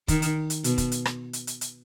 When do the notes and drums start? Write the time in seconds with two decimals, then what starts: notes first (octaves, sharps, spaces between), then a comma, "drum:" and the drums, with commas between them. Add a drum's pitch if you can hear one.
0.08 D#3, drum: kick, hi-hat
0.22 drum: hi-hat
0.50 drum: hi-hat
0.64 B2, drum: hi-hat
0.78 drum: kick, hi-hat
0.92 drum: hi-hat
1.05 drum: rim click
1.33 drum: hi-hat
1.47 drum: hi-hat
1.61 drum: hi-hat